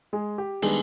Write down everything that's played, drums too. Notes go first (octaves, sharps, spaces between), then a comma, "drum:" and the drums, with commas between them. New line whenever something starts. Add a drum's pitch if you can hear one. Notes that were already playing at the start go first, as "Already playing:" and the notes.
G#3 G#4
G4
D#3 G3 G#3 B3 D4 G#4, drum: cymbal